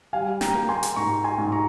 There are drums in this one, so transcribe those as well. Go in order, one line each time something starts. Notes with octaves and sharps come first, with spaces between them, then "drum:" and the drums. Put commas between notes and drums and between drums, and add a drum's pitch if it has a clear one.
G3 F5 G#5
G5 A#5, drum: snare
A#3
G#5 C6
drum: hi-hat
G#2 A#5 C#6
G#5 C6
G#2
A#5 C#6